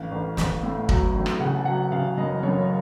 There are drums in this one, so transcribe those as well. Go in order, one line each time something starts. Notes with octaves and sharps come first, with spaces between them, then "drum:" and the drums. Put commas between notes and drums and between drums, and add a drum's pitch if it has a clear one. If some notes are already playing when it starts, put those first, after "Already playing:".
Already playing: A1 F5
A1
A1, drum: snare
A2
F#3, drum: kick
A1
drum: rim click
C#3 F#5
A5
F#3 F#5
C#3 F5
F#1 D#5
F#1 C#5